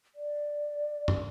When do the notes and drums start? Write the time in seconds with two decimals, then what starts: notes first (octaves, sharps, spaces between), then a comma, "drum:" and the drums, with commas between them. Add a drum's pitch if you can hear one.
0.15 D5
1.08 drum: tom